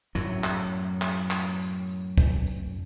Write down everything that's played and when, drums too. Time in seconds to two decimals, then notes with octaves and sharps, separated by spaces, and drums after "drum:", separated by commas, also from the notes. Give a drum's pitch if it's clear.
0.15 F#2 A2 F#3, drum: tambourine
0.44 drum: clap
1.02 drum: clap
1.31 drum: clap
1.60 drum: tambourine
1.89 drum: tambourine
2.17 drum: kick, tambourine
2.46 drum: tambourine